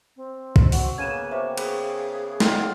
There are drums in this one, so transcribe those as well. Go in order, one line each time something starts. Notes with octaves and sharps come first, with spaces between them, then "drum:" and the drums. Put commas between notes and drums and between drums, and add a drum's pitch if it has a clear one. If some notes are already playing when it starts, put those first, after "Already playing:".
C4
drum: kick
F#4 F#5, drum: open hi-hat
C#3 A#3 B3 B4 G#6 D#7 E7
G4 C5 C#5 E5
G#4 B4, drum: cymbal
F4 G5, drum: snare